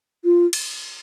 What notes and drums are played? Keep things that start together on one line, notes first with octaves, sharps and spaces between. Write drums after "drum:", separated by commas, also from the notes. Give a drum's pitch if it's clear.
F4
drum: cymbal